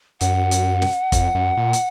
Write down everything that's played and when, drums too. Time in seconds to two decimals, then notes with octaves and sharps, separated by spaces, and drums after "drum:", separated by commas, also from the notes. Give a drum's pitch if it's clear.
0.21 F#2 F#5, drum: hi-hat
0.51 drum: hi-hat
0.82 drum: snare
1.12 F2, drum: kick F1, hi-hat
1.35 F#2
1.57 A#2
1.73 drum: hi-hat